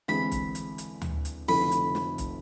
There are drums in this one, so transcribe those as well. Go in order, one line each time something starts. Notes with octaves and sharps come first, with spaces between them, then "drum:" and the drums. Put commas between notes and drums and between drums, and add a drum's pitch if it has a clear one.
E2 D3 G#3 C4 B5, drum: snare
drum: kick, hi-hat
drum: hi-hat
drum: hi-hat
drum: tom D2
drum: hi-hat
F1 F2 D3 A3 E4 B5, drum: open hi-hat
drum: hi-hat
drum: snare
drum: kick, hi-hat